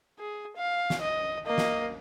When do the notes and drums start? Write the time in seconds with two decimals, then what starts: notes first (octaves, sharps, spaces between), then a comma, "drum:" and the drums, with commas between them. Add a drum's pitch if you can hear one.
0.19 G#4
0.56 F5
0.90 drum: snare
1.01 D#5
1.46 A#3 D#5
1.58 drum: snare